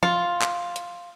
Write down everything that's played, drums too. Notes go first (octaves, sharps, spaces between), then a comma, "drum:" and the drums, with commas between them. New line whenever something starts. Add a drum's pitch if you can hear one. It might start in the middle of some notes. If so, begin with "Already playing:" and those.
F4, drum: tom F3
drum: clap
drum: hi-hat